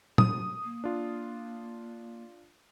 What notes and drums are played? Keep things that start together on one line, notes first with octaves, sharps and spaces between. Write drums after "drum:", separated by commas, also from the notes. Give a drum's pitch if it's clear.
F#3 D#6, drum: tom
A#3
D4 F4